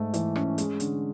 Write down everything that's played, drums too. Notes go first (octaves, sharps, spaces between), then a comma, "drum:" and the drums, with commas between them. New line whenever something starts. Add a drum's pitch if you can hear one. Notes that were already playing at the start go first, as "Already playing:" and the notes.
Already playing: G#2 A3
E3, drum: hi-hat
C#4, drum: rim click
G#3, drum: hi-hat
D3, drum: hi-hat